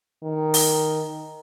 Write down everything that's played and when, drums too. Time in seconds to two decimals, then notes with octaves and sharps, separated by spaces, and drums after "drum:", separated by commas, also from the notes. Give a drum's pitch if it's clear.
0.23 D#3
0.54 drum: open hi-hat